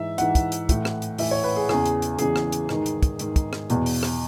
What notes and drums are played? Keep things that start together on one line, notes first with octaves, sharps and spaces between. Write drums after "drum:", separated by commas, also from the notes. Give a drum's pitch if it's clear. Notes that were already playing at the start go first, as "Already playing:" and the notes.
Already playing: G#2 E3 E5
G#2 E3 F#5, drum: hi-hat
drum: kick, hi-hat
drum: hi-hat
A2 E3, drum: kick, hi-hat
drum: rim click
drum: hi-hat
A2 E3 E5, drum: open hi-hat
C#5
B4
G#4
E2 C#3 E3 G#4, drum: rim click
drum: hi-hat
drum: hi-hat
E2 C#3 E3 G#4, drum: hi-hat
drum: rim click
drum: hi-hat
G#2 D#3, drum: rim click
drum: hi-hat
drum: kick, hi-hat
G#2 D#3, drum: hi-hat
drum: kick, hi-hat
drum: rim click
E2 B2, drum: hi-hat
drum: open hi-hat
drum: rim click